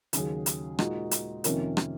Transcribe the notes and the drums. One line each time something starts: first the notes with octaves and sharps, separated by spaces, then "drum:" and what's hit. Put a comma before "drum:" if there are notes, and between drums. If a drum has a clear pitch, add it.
D#2 C#3 F#3 C#4 G#4, drum: hi-hat
drum: hi-hat
A#2 G#3 D#4 F#4, drum: rim click
drum: hi-hat
F2 C3 D#3 A#3 C#4, drum: hi-hat
drum: rim click